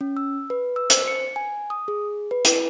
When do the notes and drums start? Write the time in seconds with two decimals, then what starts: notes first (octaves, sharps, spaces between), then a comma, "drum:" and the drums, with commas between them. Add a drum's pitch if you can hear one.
0.01 C#4
0.17 E6
0.50 B4
0.76 E6
0.90 C5, drum: hi-hat
1.08 C#7
1.36 G#5
1.70 D#6
1.88 G#4
2.31 B4
2.45 E4, drum: hi-hat